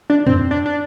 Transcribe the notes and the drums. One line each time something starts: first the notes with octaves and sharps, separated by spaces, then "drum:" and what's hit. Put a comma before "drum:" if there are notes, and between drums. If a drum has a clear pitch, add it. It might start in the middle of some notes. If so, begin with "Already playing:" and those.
D4
C4, drum: tom
D4
D4